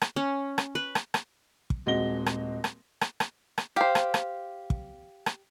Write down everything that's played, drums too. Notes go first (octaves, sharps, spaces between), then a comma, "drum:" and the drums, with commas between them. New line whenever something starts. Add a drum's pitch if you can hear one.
drum: rim click
C#4
drum: rim click
B4
drum: rim click
drum: rim click
drum: kick
D#1 G#3 C4 F#4 A#6 G7
drum: rim click
drum: rim click
drum: rim click
drum: rim click
drum: rim click
G4 C5 F5
drum: rim click
drum: rim click
drum: kick
drum: rim click